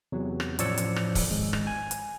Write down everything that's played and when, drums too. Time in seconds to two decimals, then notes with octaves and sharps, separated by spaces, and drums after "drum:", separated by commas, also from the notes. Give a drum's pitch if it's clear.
0.12 E2 C3 F#3
0.40 drum: rim click
0.59 A1 F3 C#5 D5 E6 C#7, drum: hi-hat
0.78 drum: hi-hat
0.96 drum: rim click
1.15 drum: kick C#1, open hi-hat
1.28 G#1 G#3
1.53 drum: rim click
1.67 G#5
1.91 drum: hi-hat